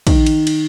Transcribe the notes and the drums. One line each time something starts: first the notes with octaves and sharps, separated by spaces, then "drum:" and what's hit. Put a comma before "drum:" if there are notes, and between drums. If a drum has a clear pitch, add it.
D#3, drum: kick, cymbal
drum: cymbal
drum: cymbal